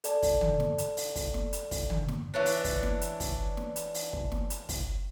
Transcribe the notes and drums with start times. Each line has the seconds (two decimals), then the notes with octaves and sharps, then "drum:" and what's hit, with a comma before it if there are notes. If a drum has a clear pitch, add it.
0.04 A4 D5 A5, drum: hi-hat
0.22 drum: kick, open hi-hat
0.41 drum: tom
0.60 drum: snare
0.78 drum: hi-hat
0.97 drum: open hi-hat
1.15 drum: kick, open hi-hat
1.34 drum: snare
1.53 drum: hi-hat
1.71 drum: kick, open hi-hat
1.90 drum: tom
2.08 drum: snare
2.34 E3 C#4 D4
2.46 drum: open hi-hat
2.64 drum: kick, open hi-hat
2.83 drum: snare
3.01 drum: hi-hat
3.20 drum: kick, open hi-hat
3.57 drum: snare
3.76 drum: hi-hat
3.94 drum: open hi-hat
4.13 drum: kick
4.32 drum: snare
4.50 drum: hi-hat
4.69 drum: kick, open hi-hat